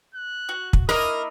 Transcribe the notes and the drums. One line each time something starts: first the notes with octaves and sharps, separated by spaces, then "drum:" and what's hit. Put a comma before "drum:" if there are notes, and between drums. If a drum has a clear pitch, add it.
F#6
F#4
drum: kick
A#3 E4 A#4 D#5 D#6